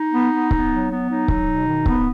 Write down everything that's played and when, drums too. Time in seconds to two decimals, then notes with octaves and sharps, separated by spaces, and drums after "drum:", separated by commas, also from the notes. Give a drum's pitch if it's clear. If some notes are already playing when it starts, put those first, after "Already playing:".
Already playing: D#4
0.13 B3
0.32 B3
0.51 B3, drum: kick C#1
0.70 F#3
0.90 B3
1.08 F#3 D#4
1.28 F#3, drum: kick C#1
1.47 B2
1.66 D#3
1.86 B3, drum: kick C#1